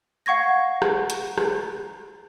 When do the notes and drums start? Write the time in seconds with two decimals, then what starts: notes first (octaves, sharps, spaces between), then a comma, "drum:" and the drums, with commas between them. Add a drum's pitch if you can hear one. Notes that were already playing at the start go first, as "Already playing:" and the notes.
0.26 F5 F#5 C#6 G#6 A#6
0.82 drum: rim click
1.10 drum: hi-hat
1.38 drum: rim click